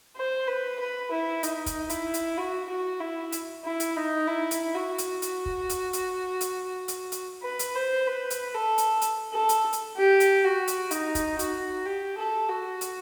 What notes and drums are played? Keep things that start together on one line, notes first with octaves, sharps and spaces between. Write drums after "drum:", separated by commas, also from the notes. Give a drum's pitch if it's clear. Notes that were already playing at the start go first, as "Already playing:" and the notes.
C5
B4
B4
E4
D#4, drum: hi-hat
drum: kick, hi-hat
E4, drum: hi-hat
drum: hi-hat
F#4
F#4
E4
drum: hi-hat
E4
drum: hi-hat
D#4
E4
drum: hi-hat
F#4
drum: hi-hat
drum: hi-hat
drum: kick
drum: hi-hat
drum: hi-hat
drum: hi-hat
drum: hi-hat
drum: hi-hat
B4
drum: hi-hat
C5
B4
drum: hi-hat
A4
drum: hi-hat
drum: hi-hat
A4
drum: hi-hat
drum: hi-hat
G4
drum: hi-hat
F#4
drum: hi-hat
D#4, drum: hi-hat
drum: kick, hi-hat
F#4, drum: hi-hat
G4
A4
F#4
drum: hi-hat